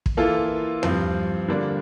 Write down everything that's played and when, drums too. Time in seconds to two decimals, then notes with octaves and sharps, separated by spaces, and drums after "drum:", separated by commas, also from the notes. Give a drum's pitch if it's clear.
0.06 drum: kick
0.17 E3 A#3 F4 A4
0.83 G2 F3 C4, drum: tom E2
1.48 D3 G3 A#3 D4